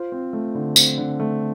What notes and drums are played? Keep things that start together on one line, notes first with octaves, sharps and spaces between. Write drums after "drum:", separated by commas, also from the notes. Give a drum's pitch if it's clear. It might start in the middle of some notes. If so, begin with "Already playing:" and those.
Already playing: F4 C5
C4
A3
D3
C4, drum: tambourine
D3
A3